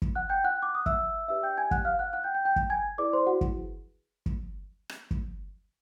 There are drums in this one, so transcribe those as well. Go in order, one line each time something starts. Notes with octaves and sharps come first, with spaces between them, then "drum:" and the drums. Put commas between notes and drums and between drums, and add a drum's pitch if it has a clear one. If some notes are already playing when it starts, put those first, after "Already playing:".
drum: kick
F#5 F#6
G5 G6
F#5 F#6
D6
D#6
E5 E6, drum: kick
D4 G4 B4 D5 E5 E6
G5 G6
G#5 G#6
F#5 F#6, drum: kick
F5 F6
F#5 F#6
F#5 F#6
G5 G6
G5 G6
G5 G6
drum: kick
G#5 G#6
E4 G#4 B4 D5 D6
C5 C6
F#4 F#5
drum: kick
drum: kick
drum: rim click
drum: kick